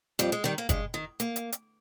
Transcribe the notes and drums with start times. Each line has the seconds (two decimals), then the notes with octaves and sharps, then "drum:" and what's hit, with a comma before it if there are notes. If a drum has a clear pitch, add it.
0.19 F2 G3, drum: hi-hat
0.32 G#3
0.44 D#3 G3
0.58 A#3
0.69 G2 G#3, drum: kick, hi-hat
0.94 D#3
1.20 A#3, drum: hi-hat
1.36 drum: hi-hat
1.52 drum: hi-hat